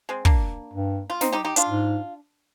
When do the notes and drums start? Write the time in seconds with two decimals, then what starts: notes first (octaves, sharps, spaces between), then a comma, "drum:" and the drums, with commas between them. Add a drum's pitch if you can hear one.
0.09 G#3 C4
0.25 A#3 D4, drum: kick
0.73 G2
1.10 F4
1.21 C4 D#4, drum: snare
1.32 D#4 G4
1.44 D#4 G4
1.56 D4 F4, drum: hi-hat
1.69 G#2